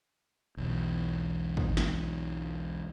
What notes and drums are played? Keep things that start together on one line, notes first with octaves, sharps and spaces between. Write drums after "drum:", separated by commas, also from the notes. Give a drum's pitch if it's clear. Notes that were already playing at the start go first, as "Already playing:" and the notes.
B1 E2
drum: kick
drum: snare